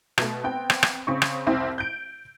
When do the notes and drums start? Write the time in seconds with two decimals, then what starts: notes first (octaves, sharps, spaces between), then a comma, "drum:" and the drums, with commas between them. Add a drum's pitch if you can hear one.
0.18 B2 A3, drum: rim click
0.44 B3 C4 G5
0.70 drum: rim click
0.83 drum: rim click
1.07 C#3 C4 C#6
1.22 drum: rim click
1.47 C2 F2 C4 E4
1.78 G6 D7